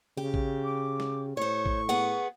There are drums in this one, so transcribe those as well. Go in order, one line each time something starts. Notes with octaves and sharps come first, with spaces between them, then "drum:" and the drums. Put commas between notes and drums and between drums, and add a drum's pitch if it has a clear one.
C#3 G4
drum: kick A1
D6
drum: snare
A2 C5 C#5 C#6
drum: kick A1
B3 G#4 F#5